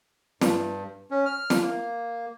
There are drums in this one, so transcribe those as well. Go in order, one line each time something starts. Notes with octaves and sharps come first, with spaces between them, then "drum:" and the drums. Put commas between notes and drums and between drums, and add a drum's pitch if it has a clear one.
G2, drum: snare
C#4
F6
drum: snare
A#3